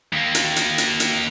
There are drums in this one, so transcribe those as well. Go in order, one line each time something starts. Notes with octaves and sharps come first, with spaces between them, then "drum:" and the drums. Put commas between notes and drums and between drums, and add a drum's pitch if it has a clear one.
D#2 A#3
drum: hi-hat
drum: hi-hat
drum: hi-hat
drum: hi-hat